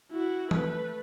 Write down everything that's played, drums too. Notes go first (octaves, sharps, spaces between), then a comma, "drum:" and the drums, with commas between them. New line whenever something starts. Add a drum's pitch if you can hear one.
E4 F#4
A3 B4, drum: tom E3